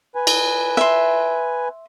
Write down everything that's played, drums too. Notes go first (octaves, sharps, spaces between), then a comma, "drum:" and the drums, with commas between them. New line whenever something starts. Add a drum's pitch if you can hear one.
B4 G#5
drum: cymbal
E5 C6